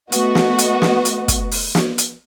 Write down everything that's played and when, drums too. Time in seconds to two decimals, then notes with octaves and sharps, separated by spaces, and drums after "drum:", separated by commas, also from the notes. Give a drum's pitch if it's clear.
0.12 A3 B3 F#4 D#5, drum: hi-hat
0.35 drum: snare
0.58 drum: hi-hat
0.82 drum: snare
1.05 drum: hi-hat
1.28 drum: kick, hi-hat
1.51 drum: open hi-hat
1.75 drum: snare
1.98 drum: hi-hat